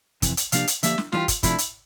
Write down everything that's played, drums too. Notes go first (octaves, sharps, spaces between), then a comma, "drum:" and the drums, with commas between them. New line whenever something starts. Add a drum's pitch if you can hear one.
F2 C3 E3, drum: kick, hi-hat
drum: hi-hat
C3 F3 A#3 D4 G4 F5, drum: hi-hat
drum: hi-hat
D3 F3 A#3 D4 G4 E5, drum: hi-hat
drum: snare
E3 G3 D4 F4 G4, drum: snare
drum: kick, hi-hat
C3 F3 A3 D4 E4, drum: kick, hi-hat
drum: hi-hat